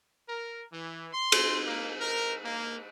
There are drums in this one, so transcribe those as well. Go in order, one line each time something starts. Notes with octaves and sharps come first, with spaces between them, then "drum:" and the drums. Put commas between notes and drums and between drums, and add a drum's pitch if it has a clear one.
A#4
E3
C6
drum: cymbal
A#3
A#4
A#3